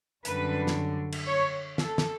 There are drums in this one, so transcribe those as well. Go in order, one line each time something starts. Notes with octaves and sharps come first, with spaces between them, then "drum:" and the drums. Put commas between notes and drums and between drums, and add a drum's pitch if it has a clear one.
F#2 D3 G3 B4, drum: hi-hat
drum: snare
drum: cymbal
C#5
A4, drum: snare
drum: snare